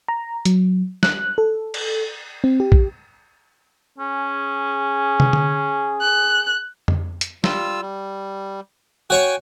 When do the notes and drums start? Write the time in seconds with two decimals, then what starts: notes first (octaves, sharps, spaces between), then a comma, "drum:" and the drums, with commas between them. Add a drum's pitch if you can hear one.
0.08 A#5
0.45 F#3, drum: hi-hat
1.03 F#6, drum: snare
1.38 A4
1.74 drum: cymbal
2.44 C4
2.60 G4
2.72 drum: kick A#1
3.98 C#4 G#4
5.20 drum: tom
5.33 drum: tom D3
6.01 F#6
6.88 drum: tom F2
7.21 drum: hi-hat
7.44 G3 F4 E6, drum: snare
7.82 G3
9.10 F#4 C#5 G5 G#5 C#6